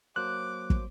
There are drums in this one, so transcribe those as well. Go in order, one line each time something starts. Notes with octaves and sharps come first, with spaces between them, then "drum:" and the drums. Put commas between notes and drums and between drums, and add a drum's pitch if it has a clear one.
F#3 A#3 C5 D6 F#6
drum: kick